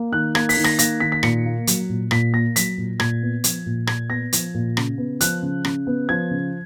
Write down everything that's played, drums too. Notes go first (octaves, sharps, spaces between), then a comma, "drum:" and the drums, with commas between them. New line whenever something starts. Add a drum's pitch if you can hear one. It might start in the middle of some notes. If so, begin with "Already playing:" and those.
Already playing: A#3
D#3 F#6
A#3 G#6, drum: rim click
B6, drum: open hi-hat
D#3
A#6, drum: rim click
A#3 A#6, drum: hi-hat
D#3 B6
B6
A#2 C#7, drum: rim click
A#3
F#3, drum: hi-hat
A#2
A#2 B6, drum: rim click
A#3 A#6
F#3 B6, drum: hi-hat
A#2
A#2 G#6, drum: rim click
B3
F3, drum: hi-hat
A#2
A#2 G#6, drum: rim click
B3 A#6
F3, drum: hi-hat
A#2
C#3, drum: rim click
B3
F3 F#6, drum: hi-hat
C#3
C#3, drum: rim click
B3
F3 G#6
C#3